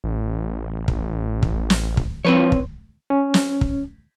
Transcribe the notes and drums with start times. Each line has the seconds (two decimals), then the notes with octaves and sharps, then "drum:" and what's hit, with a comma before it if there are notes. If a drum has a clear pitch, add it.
0.04 A1
0.88 drum: kick
1.43 drum: kick
1.70 drum: snare
1.97 drum: kick
2.25 F3 C4 B4 C#5
2.52 drum: kick
3.10 C#4
3.34 drum: snare
3.61 drum: kick